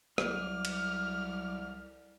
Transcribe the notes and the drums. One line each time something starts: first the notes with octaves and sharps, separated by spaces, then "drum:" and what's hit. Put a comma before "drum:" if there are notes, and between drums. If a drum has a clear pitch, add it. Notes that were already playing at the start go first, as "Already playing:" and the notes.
C2 F#3 D6 F6, drum: rim click
drum: cymbal